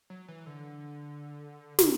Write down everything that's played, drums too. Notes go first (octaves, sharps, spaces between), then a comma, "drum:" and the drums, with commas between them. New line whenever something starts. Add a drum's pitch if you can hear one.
F#3
E3
D3
C#3, drum: snare